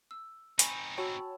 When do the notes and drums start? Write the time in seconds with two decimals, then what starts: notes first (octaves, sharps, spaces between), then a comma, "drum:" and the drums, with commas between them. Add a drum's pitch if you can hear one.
0.11 E6
0.59 C4 D#4 G#5 B5 C#6, drum: hi-hat
0.97 F#4 C#5 G5 A5 B5 E6